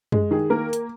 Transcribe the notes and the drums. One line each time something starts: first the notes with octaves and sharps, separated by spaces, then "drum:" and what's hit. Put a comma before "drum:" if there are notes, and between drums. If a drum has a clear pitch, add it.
G#3, drum: tom F#2
D#3 G#4
A#3 A#4
drum: hi-hat